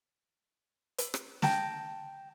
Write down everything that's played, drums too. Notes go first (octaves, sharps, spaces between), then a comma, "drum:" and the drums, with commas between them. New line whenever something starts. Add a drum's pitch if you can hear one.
drum: hi-hat
drum: rim click
G5 A5 A#5, drum: snare